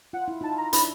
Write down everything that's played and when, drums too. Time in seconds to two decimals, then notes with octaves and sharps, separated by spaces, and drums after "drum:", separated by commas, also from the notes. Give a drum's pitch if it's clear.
0.13 F4 F#5
0.28 E4
0.41 D#4 F4 A5
0.58 A#5
0.73 D4 E4 B5, drum: hi-hat